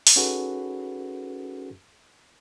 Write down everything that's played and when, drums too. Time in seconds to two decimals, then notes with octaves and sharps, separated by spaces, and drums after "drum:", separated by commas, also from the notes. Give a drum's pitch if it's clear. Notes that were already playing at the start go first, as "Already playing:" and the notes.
0.07 drum: open hi-hat
0.16 C#4 D#4 F#4 G#4 A4 B4